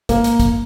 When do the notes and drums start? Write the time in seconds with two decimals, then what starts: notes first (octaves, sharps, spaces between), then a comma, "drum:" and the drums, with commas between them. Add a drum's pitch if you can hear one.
0.09 A#3, drum: kick, hi-hat
0.24 drum: hi-hat
0.40 drum: kick, hi-hat